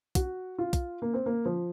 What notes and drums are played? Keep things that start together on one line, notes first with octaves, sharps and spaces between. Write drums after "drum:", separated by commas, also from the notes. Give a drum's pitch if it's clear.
F#4, drum: kick, hi-hat
F4
drum: kick, hi-hat
A#3
C4
A#3
F3